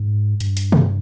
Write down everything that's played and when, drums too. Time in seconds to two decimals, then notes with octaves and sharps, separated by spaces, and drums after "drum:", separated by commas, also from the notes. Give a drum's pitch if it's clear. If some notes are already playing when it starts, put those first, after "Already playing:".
Already playing: G#2
0.40 G2, drum: hi-hat
0.57 drum: hi-hat
0.72 drum: tom